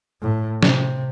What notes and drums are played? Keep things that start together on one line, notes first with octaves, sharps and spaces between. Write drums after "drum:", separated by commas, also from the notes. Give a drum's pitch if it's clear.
A2
C3, drum: snare